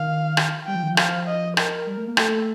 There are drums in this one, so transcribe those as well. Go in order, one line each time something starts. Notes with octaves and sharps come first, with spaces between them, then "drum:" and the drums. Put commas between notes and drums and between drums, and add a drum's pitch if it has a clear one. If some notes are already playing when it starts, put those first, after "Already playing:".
Already playing: D#3 F5
drum: rim click
G3 G5
F3
D#3
F3
F5, drum: rim click
D#5
A#4, drum: rim click
G3
A3
A#3
A3 A4, drum: rim click